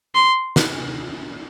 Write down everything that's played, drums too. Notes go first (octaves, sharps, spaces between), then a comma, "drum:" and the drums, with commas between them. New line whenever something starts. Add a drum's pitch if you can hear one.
C6
drum: snare